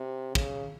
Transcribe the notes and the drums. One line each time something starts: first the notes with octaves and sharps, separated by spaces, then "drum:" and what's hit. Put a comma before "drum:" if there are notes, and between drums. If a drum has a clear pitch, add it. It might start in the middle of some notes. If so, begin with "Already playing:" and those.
Already playing: C3
C#3, drum: kick